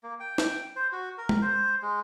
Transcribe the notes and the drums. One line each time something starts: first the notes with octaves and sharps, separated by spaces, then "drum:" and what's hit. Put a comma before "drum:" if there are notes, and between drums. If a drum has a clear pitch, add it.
A#3
G5
drum: snare
C5
F#4
A#4
drum: tom G#3
C5
G#3